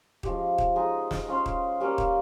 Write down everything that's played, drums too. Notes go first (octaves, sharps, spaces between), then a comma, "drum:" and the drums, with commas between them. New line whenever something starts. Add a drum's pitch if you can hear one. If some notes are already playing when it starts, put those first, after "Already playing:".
F3 G#3 C#4 G4, drum: kick D#1
drum: kick D#1
G#3 D#4 G#4 D#5
drum: snare
C#4 F4 G#4 C5
drum: kick D#1
G3 A#3 C#4
drum: kick D#1